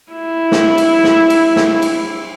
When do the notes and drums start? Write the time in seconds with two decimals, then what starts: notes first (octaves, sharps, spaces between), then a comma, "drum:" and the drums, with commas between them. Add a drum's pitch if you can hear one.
0.13 E4
0.52 drum: snare
0.78 drum: cymbal
1.04 drum: snare
1.30 drum: cymbal
1.56 drum: snare
1.82 drum: cymbal